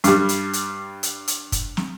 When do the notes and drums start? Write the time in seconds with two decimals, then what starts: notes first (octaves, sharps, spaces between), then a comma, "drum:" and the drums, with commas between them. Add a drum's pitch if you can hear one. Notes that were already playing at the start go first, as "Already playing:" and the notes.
0.04 G2 G3, drum: hi-hat
0.29 drum: hi-hat
0.53 drum: hi-hat
1.03 drum: hi-hat
1.28 drum: hi-hat
1.52 drum: kick, hi-hat
1.77 drum: snare